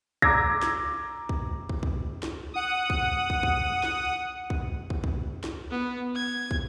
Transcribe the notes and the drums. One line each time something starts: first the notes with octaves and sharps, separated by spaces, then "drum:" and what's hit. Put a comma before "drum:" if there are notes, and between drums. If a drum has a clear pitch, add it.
A#5 D6 E6 G#6 A#6, drum: kick
drum: snare
drum: kick
drum: kick
drum: kick
drum: snare
F#5 D#6
drum: kick
drum: kick
drum: kick
drum: snare
drum: kick
drum: kick
drum: kick
drum: snare
B3
G#6
drum: kick